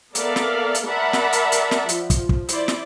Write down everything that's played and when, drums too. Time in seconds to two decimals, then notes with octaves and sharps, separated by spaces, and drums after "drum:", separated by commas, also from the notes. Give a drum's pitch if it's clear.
0.15 B3 A4 A#4 D5 E5 F5, drum: hi-hat
0.36 drum: snare
0.75 drum: hi-hat
0.86 A#4 D5 E5 F#5 A5 B5
1.13 drum: snare
1.33 drum: hi-hat
1.52 drum: hi-hat
1.71 drum: snare
1.89 F3, drum: hi-hat
2.10 drum: kick, hi-hat
2.29 drum: kick
2.49 E4 C5 D5, drum: hi-hat
2.68 drum: snare